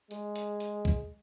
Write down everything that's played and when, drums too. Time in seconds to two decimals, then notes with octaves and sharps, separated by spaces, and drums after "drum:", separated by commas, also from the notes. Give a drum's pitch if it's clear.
0.11 G#3, drum: hi-hat
0.36 drum: hi-hat
0.60 drum: hi-hat
0.85 drum: kick, hi-hat